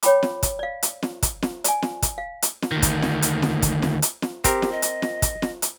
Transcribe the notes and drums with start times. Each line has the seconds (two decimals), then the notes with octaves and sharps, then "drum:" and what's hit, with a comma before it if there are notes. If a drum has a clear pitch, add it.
0.03 C#5 G5 B5 D6, drum: hi-hat
0.23 drum: snare
0.43 drum: kick, hi-hat
0.59 D5 F5
0.83 drum: hi-hat
1.03 drum: snare
1.22 drum: kick, hi-hat
1.42 drum: snare
1.64 D5 G#5, drum: hi-hat
1.82 drum: snare
2.02 drum: kick, hi-hat
2.18 F5
2.42 drum: hi-hat
2.62 drum: snare
2.72 D2 D#3
2.82 drum: kick, hi-hat
3.02 drum: snare
3.22 drum: hi-hat
3.42 drum: snare
3.62 drum: kick, hi-hat
3.82 drum: snare
4.02 drum: hi-hat
4.22 drum: snare
4.44 C4 G4 A#4, drum: kick, hi-hat
4.62 drum: snare
4.72 D#5
4.82 drum: hi-hat
5.02 drum: snare
5.22 drum: kick, hi-hat
5.42 drum: snare
5.62 drum: hi-hat